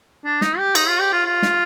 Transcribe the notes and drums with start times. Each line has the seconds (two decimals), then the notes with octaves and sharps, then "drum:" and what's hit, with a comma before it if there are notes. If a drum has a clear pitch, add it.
0.25 D4
0.41 D#4, drum: snare
0.58 G4
0.75 D#4, drum: cymbal
0.88 F4
1.01 G4
1.13 F4
1.26 F4
1.42 drum: snare